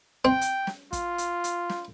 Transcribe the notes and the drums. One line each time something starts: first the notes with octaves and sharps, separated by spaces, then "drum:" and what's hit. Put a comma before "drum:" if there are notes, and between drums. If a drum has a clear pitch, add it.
C4 G5
drum: hi-hat
drum: snare
F4, drum: kick, hi-hat
drum: hi-hat
drum: hi-hat
drum: snare